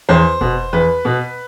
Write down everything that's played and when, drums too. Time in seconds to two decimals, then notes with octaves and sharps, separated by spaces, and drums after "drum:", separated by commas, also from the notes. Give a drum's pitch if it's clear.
0.09 E2 C5
0.41 B2, drum: kick F1
0.73 E2 B4
1.05 B2